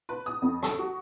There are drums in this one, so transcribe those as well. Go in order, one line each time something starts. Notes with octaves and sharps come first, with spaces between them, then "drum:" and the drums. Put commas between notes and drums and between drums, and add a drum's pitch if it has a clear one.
B4
D#6
F2
A4, drum: rim click
F#4